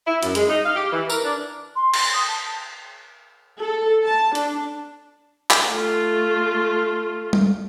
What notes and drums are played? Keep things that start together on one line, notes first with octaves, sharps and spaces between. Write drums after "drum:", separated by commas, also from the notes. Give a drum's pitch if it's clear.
E4
F#2, drum: hi-hat
G#3, drum: hi-hat
D#4
F5
G4
E3
A#4, drum: tambourine
D4
C6
C6, drum: cymbal
D#6
A5
A4
A5
D4, drum: hi-hat
drum: clap
A3 F4
drum: tom G3